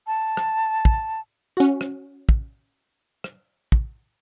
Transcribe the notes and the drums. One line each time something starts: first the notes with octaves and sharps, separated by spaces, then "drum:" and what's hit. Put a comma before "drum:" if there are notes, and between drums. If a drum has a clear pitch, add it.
A5
drum: rim click
drum: kick
C#4 F#4
drum: rim click
drum: kick
drum: rim click
drum: kick